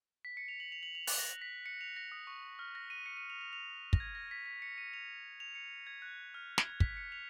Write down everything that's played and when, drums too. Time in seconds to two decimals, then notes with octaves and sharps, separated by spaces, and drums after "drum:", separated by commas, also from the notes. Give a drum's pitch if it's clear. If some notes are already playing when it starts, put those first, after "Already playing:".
0.25 B6
0.37 C#7
0.48 F7
0.60 F#7
0.72 F7
0.83 F#7
0.95 F7
1.07 F#6, drum: open hi-hat
1.19 A#6
1.42 B6
1.66 C#7
1.81 F7
1.96 A#6
2.12 D#6
2.27 C#6
2.59 F6
2.75 A#6
2.90 D#7
3.06 C#7
3.17 D#7
3.30 F7
3.41 F7
3.53 F7
3.93 A#6, drum: kick
4.00 G#6
4.15 A#6
4.31 B6
4.46 B6
4.62 C#7
4.78 D#7
4.94 F7
5.40 F7
5.55 C#7
5.87 G#6
6.02 F#6
6.34 F6
6.58 G#6, drum: snare
6.80 B6, drum: kick
6.97 C#7
7.12 F7